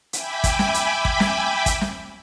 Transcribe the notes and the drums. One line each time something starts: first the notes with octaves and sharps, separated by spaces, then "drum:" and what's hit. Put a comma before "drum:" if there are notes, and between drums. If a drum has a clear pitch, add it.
E5 G5 G#5 B5 D6, drum: hi-hat
drum: kick, hi-hat
drum: snare
drum: hi-hat
drum: kick
drum: snare
drum: kick, hi-hat
drum: snare